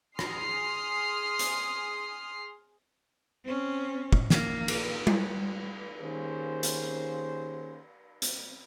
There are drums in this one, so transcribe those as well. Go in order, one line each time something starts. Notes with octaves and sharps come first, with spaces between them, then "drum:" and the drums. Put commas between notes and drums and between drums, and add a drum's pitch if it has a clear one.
G#4 C6 D#6 F6 C7, drum: rim click
drum: hi-hat
C4 C#4
drum: kick
A#3, drum: snare
drum: cymbal
drum: tom G3
D#3 A#3 C#4 G4 G#4 C5
drum: hi-hat
drum: hi-hat